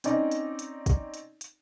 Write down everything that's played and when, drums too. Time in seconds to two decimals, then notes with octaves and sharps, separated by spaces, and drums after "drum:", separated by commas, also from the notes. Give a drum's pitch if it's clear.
0.04 C4 C#4 D#4 D5, drum: hi-hat
0.31 drum: hi-hat
0.59 drum: hi-hat
0.86 drum: kick, hi-hat
1.14 drum: hi-hat
1.41 drum: hi-hat